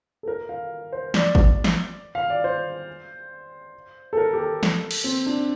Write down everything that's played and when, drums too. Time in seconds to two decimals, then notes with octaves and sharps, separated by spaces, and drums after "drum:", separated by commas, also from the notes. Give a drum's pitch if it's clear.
0.23 A4
0.28 A#4
0.49 F5
0.92 C5
1.14 D5, drum: snare
1.35 drum: kick G1
1.64 drum: snare
2.15 F5
2.30 D5
2.44 C5
4.13 A4
4.17 A#4
4.33 G4
4.39 A4
4.63 drum: snare
4.91 drum: cymbal
5.04 C4
5.26 D4